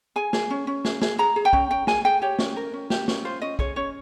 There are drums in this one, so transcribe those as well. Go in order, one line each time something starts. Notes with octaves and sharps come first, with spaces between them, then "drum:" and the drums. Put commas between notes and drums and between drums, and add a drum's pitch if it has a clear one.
G#4 G#5
G#4, drum: snare
C#4
C#4
G#4, drum: snare
G#4, drum: snare
G#4 A#5
G#4
G5
C#4, drum: kick
C#4 G5
G#4 G#5, drum: snare
G#4 G5
G4 C#5
C#4, drum: snare
A#4
C#4
G4, drum: snare
C#4, drum: snare
F4 C5
C#4 D#5
G#4 C#5, drum: kick
C#4 C#5